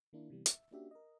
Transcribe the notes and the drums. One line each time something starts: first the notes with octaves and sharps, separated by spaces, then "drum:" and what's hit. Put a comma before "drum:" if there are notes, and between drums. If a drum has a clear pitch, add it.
D#3 A#3 D4 E4
C3 E3 G3 B3
E5, drum: hi-hat
A#3 C#4 D4 F#4 G4 E5
A#4 D#5